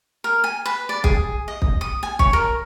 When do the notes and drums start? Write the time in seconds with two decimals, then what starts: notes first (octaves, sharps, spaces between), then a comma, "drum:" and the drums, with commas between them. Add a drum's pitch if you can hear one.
0.24 A#4
0.44 G#5
0.66 B4
0.89 D5
1.04 G#4, drum: kick
1.48 D#5
1.62 drum: kick
1.81 D#6
2.03 G#5
2.19 C#5, drum: kick
2.33 A#4